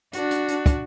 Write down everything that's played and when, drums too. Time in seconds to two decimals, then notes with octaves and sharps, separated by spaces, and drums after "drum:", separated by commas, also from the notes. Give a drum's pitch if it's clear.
0.13 D4 F#4, drum: hi-hat
0.31 drum: hi-hat
0.48 drum: hi-hat
0.66 drum: kick, hi-hat